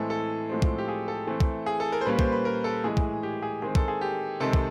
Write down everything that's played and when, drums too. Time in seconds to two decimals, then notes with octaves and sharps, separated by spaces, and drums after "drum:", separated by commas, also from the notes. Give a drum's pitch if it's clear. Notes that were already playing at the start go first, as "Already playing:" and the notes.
Already playing: A2 E3 G#3 C4 A4
0.10 A4
0.49 A2 F3 G#3 C4
0.62 drum: kick
0.78 G4
0.88 G#4
1.08 A4
1.27 E3 A3 C4
1.40 drum: kick
1.66 G#4
1.80 A4
1.92 A#4
2.01 C5
2.05 A#2 G3 A#3 C#4 B4
2.19 C5, drum: kick
2.32 B4
2.45 A#4
2.64 A4
2.84 A2 E3 G#3 G#4
2.97 drum: kick
3.23 G4
3.42 G#4
3.62 D#3 G#3 C4 G#4
3.75 A4, drum: kick
3.88 G#4
4.01 G4
4.40 C3 D#3 G#3 C4 A4
4.53 drum: kick